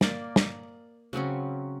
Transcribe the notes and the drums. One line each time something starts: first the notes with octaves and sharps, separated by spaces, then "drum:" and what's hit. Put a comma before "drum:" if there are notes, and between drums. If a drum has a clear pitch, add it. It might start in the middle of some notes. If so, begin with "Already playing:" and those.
A#3 D5, drum: snare
drum: snare
C#3 F#3 C4 C#4